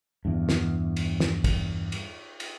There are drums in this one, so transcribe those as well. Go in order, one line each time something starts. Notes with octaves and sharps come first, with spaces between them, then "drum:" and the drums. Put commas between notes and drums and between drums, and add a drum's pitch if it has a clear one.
E2 G2
drum: snare
drum: cymbal
drum: snare
drum: kick, cymbal
drum: cymbal
drum: cymbal